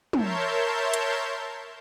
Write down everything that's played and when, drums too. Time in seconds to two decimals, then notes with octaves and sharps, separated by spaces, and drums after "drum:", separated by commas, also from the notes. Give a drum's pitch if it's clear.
0.13 A#4 C#5 E5 A5 C6 G6, drum: tom
0.94 drum: hi-hat